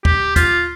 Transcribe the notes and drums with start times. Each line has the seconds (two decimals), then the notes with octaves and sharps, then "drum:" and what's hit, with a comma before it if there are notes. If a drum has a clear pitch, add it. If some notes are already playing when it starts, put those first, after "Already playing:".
0.05 G4, drum: kick
0.36 F4, drum: kick, hi-hat